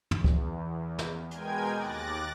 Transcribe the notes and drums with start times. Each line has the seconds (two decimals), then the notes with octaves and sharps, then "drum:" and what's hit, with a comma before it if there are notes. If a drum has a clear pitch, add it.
0.11 E2, drum: tom
0.24 drum: kick
0.99 drum: snare
1.31 B2 G#3 A#4 G5 G#5 G#6, drum: hi-hat
1.74 D#2 D6 F#6 A6 A#6